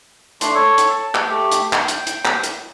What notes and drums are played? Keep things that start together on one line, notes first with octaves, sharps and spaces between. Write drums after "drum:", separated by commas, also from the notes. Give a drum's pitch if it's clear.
A3 D4 C6, drum: hi-hat
A4 C#5
drum: hi-hat
A5
drum: clap
A3 G4
drum: hi-hat
G5, drum: clap
drum: hi-hat
drum: hi-hat
drum: clap
drum: hi-hat